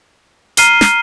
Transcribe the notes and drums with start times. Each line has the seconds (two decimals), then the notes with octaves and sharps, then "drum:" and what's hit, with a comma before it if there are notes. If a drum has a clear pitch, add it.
0.57 A#5 F6 C7 D#7 G7, drum: hi-hat
0.81 drum: snare